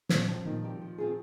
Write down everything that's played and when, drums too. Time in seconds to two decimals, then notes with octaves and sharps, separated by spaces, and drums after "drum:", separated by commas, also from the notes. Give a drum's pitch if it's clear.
0.09 A#2 C4, drum: snare
0.28 F3 G3 C4 G4
0.45 A#2 D#3
0.63 G3 C4 G4
0.82 F3
0.98 C4 F4 G#4